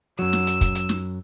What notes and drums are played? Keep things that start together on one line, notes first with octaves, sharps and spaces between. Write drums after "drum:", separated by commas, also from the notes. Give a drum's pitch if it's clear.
F#2 F#3 E6
drum: snare
drum: hi-hat
drum: kick, hi-hat
drum: hi-hat
drum: snare